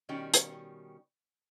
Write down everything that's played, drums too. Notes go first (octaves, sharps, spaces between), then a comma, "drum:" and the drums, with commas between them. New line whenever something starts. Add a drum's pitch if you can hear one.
B2 D#3 G3 C#4 G5
drum: hi-hat